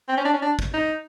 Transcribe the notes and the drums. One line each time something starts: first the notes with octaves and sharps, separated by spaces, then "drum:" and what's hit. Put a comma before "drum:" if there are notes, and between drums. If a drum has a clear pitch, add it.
C4
C#4
D4
C#4
D4
drum: kick
D#4